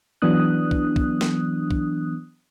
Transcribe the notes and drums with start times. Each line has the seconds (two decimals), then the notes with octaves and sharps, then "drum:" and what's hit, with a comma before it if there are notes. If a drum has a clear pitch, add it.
0.22 E3 F#3 B3 D4 D#6 F#6
0.71 drum: kick
0.96 drum: kick
1.21 drum: snare
1.71 drum: kick